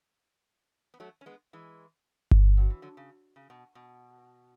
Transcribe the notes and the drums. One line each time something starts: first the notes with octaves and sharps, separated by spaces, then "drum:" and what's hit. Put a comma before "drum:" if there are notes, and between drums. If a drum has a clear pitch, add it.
B3
F#3 A3
C#4
G#3 B3
E3 G#3
drum: kick G1
F#3 D4 F#4 C#5 F#5
E3
D3 F#3
C#3
C#3
B2
B2